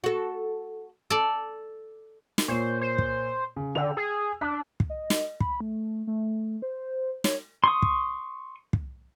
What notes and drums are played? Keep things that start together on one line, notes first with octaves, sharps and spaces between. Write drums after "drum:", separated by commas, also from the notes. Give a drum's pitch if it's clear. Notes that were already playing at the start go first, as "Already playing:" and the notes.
F#4 A4
A4 D5
drum: snare
A#2 C5 C#5 C#6
C5
drum: kick
C#3
D3 G5 E6 F7
G#4
D4 A5 F#6 B6
drum: kick
D#5
drum: snare
B5, drum: kick
A3
A3
C5
C#5, drum: snare
C6 C#6 D#6
drum: kick
drum: kick